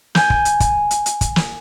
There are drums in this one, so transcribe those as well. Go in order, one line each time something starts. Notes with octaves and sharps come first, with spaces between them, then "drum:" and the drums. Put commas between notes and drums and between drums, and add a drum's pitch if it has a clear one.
G#5 G6, drum: snare
drum: kick
drum: hi-hat
drum: kick, hi-hat
drum: hi-hat
drum: hi-hat
drum: kick, hi-hat
drum: snare